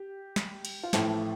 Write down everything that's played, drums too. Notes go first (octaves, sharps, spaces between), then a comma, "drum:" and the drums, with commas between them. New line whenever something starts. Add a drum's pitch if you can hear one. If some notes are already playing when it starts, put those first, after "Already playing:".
Already playing: G4
drum: snare
drum: cymbal
F4
A1 A2 F3 A3 E4, drum: snare